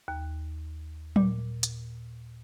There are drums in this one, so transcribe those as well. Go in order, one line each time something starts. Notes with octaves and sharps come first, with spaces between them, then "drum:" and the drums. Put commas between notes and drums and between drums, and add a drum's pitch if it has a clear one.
D#2
A#2, drum: tom F#3
drum: hi-hat